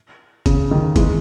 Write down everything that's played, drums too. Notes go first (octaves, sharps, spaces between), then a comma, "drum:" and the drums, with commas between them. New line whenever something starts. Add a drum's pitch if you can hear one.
C#3, drum: kick G1, hi-hat
D#3
E3 G#3, drum: kick G1, hi-hat